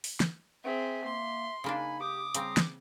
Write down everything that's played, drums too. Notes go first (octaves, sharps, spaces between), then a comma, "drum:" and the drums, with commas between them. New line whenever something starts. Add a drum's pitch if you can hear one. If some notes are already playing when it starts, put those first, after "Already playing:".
drum: open hi-hat
drum: snare
C4 G#4 E5
A#3 C6
C#3 A#3 D4 D#4 G#5 B5
G4 D6 D#6
C#3 G3 C4 A#5 C6, drum: hi-hat
drum: snare